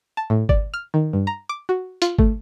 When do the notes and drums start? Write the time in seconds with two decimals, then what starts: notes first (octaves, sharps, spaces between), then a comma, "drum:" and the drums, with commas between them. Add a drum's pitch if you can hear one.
0.17 A5
0.30 A2
0.49 D5, drum: kick G#1
0.74 F6
0.94 D#3
1.13 G2
1.27 A#5
1.49 D6
1.69 F#4
2.02 F4, drum: hi-hat
2.18 A3, drum: kick G#1